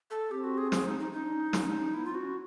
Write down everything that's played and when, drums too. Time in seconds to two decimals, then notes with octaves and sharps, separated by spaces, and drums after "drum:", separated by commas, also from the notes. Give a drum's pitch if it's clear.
0.10 A4
0.30 C4 G4
0.44 F#4
0.58 G#4
0.72 G#4, drum: snare
0.86 D#4
1.00 D#4
1.12 C#4 D#4
1.23 D4
1.33 C#4
1.53 C#4, drum: snare
1.68 D4
1.74 C#4
1.94 B3 E4
2.05 C4 F4
2.14 F#4
2.21 C#4